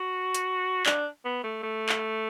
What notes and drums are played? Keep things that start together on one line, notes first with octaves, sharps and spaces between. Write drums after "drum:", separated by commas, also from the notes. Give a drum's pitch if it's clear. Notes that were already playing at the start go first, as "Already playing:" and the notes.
Already playing: F#4
drum: hi-hat
D4, drum: clap
B3
A3
A3
drum: clap